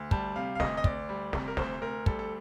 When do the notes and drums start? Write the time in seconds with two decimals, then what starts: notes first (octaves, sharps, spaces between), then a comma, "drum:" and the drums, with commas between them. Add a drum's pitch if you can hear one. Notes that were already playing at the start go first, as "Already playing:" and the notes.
Already playing: D2
0.11 G3 A5, drum: kick
0.36 C3 F5
0.55 F5
0.60 D2 D#5, drum: snare
0.77 D#5
0.84 D2 D5, drum: kick
1.09 G3
1.33 C3, drum: snare
1.48 A#4
1.57 D2 C5, drum: snare
1.82 D2 A#4
2.06 G3 A4, drum: kick
2.19 A4